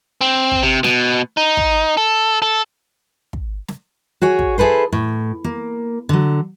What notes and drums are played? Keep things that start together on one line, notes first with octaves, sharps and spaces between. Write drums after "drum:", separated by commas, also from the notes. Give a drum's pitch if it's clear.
C4
drum: kick
C3
B2, drum: snare
D#4
drum: kick
A4
A4
drum: kick
drum: snare
F#4 G#4 C#5 G#5
drum: kick
E4 G#4 A4 B4 C5
A2
A#3
D3 F#3